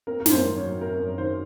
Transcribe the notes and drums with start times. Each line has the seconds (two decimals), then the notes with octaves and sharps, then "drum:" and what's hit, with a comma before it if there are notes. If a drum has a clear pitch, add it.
0.07 C4 A#4
0.20 A#4
0.26 F#2, drum: snare
0.31 C5
0.44 D#3
0.56 C#5
0.62 F#3
0.81 C4 A#4
0.99 F#2
1.17 D#3 C5